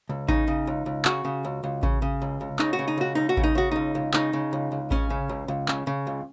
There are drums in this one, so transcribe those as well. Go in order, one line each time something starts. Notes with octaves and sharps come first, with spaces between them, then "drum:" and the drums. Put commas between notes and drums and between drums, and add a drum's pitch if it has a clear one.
C#2
C#3 D#4, drum: kick A1
C#3
C#2
C#2
C#3 F#4, drum: clap
C#3
C#2
C#2
C#3, drum: kick A1
C#3
C#2
C#2
C#3 D#4, drum: clap
F#4
C#3
D#4
C#2 F#4
C#2 D#4
F#4
C#3, drum: kick A1
D#4
C#3 F#4
C#2 D#4
C#2
C#3 D#4, drum: clap
C#3
C#2
C#2
C#3 C#4, drum: kick A1
C#3
C#2
C#2
C#3, drum: clap
C#3
C#2